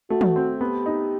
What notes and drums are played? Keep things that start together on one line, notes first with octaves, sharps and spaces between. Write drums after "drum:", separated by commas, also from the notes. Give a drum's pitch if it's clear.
A3 F#4
drum: tom
C4
B3 G4
D#4